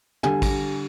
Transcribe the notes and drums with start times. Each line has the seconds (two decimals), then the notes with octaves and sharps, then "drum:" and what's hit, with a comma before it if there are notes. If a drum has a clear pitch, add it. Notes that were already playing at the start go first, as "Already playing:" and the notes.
0.23 D3 G3 G#5, drum: tom
0.42 drum: kick, cymbal